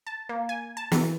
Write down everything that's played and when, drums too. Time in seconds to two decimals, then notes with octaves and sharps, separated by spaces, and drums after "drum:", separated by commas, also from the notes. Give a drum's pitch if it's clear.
0.07 A5
0.29 A#3
0.49 G#5
0.77 A5
0.92 E3, drum: snare